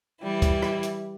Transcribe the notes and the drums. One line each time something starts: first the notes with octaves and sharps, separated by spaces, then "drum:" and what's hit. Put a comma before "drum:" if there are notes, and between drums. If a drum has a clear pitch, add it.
E3 G3 E4
drum: kick, hi-hat
drum: rim click
drum: hi-hat